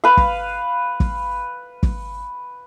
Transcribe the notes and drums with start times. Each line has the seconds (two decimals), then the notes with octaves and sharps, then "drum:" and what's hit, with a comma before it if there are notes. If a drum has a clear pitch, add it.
0.04 B4 F5
0.17 drum: kick
1.00 drum: kick
1.83 drum: kick